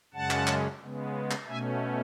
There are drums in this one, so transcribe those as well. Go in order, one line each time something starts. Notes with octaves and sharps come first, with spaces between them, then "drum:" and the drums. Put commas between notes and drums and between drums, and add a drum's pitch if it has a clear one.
F#2 C#3 G#3 C#4 F#5 A5
drum: clap
drum: clap
C#3 G#3 B3
drum: clap
B2 A3 C#4 E5 G#5